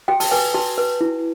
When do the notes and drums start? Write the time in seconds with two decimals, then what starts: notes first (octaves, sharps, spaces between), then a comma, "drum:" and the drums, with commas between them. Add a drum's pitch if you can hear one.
0.08 F#4 G5
0.20 A5, drum: open hi-hat
0.31 B4 G#5
0.54 F#4 A5
0.78 B4
1.01 E4